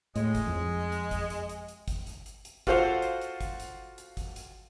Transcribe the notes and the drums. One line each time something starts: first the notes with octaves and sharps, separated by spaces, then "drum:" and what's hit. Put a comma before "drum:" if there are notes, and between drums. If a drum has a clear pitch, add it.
A2 G#3, drum: hi-hat
drum: kick, hi-hat
F2
drum: hi-hat
drum: kick, hi-hat
drum: hi-hat
drum: hi-hat
drum: hi-hat
drum: kick, hi-hat
drum: hi-hat
drum: hi-hat
drum: hi-hat
F4 F#4 A4 C5 F5, drum: kick, hi-hat
drum: hi-hat
drum: hi-hat
drum: kick, hi-hat
drum: hi-hat
drum: hi-hat
drum: kick, hi-hat
drum: hi-hat